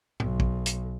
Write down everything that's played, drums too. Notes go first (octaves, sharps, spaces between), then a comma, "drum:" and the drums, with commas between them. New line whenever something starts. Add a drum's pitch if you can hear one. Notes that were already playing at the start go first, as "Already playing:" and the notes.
B1, drum: tom G#2
drum: kick
drum: hi-hat